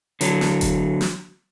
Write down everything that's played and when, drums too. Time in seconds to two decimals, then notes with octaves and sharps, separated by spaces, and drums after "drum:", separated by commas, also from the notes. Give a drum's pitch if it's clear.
0.21 D3 F#3, drum: hi-hat
0.41 drum: snare
0.61 drum: kick F1, hi-hat
1.01 drum: snare